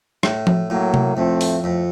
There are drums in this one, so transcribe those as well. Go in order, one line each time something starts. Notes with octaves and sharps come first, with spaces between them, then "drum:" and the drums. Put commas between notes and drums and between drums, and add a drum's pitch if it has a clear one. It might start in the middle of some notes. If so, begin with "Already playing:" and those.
A2, drum: rim click
drum: tom F3
A2 F#3 A#3
drum: tom C3
F2 A3 C4
drum: open hi-hat
F2